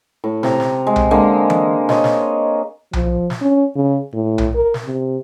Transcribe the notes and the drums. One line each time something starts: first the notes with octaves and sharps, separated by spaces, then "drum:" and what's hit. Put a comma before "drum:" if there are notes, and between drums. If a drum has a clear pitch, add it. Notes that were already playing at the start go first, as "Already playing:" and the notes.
A2
C3 A#5, drum: snare
drum: snare
G#3
drum: tom B1
D3 G#3 A#3
drum: tom E3
C#5 D#5, drum: snare
drum: snare
F3, drum: tom B1
drum: snare
C#4
C#3
A2
drum: tom B1
A#4
drum: snare
C3